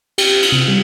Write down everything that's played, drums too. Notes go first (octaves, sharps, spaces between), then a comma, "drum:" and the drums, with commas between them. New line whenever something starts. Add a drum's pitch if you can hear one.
G4, drum: cymbal
drum: cymbal
C3
G3